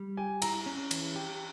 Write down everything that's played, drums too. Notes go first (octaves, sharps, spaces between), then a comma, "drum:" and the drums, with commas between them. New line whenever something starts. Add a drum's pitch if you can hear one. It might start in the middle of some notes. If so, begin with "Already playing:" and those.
Already playing: G3
G4 G#5
E4 A#5, drum: cymbal
C#4
E3, drum: cymbal
G4